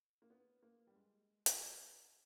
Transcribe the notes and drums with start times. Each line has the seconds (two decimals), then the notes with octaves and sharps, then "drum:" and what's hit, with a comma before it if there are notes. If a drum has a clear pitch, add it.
0.22 A#3
0.30 B3
0.62 A#3
0.87 G3
0.96 G#3
1.46 drum: hi-hat